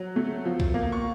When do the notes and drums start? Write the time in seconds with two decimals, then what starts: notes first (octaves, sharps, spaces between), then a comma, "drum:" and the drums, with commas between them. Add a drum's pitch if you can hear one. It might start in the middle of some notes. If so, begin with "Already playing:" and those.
Already playing: F#3
0.16 A3
0.45 F3
0.60 drum: kick B1
0.74 A#3
0.92 C#6